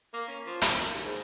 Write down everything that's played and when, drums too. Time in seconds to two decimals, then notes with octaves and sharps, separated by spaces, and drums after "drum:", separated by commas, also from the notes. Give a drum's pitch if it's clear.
0.14 A#3
0.28 C#4
0.46 F3
0.62 D4, drum: hi-hat
0.76 F#2
0.90 D#2
1.03 G#2